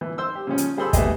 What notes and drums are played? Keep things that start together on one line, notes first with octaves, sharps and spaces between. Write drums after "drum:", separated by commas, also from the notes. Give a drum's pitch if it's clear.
E3
C5 E6
G4
C#3 F3 C#4
drum: hi-hat
G3 G#4 A4 C5 B5 E6
A3 B3 G4 G#4 D#5, drum: kick, hi-hat